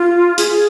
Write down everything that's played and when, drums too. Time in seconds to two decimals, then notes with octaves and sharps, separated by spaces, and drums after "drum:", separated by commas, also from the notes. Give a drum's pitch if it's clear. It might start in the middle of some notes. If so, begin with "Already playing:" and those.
Already playing: F4
0.38 G#4, drum: hi-hat